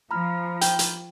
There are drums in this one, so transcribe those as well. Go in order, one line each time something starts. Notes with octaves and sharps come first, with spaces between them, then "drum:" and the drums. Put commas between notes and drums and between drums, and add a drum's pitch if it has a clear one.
F3 A#5 B5 F6
G5, drum: hi-hat
drum: hi-hat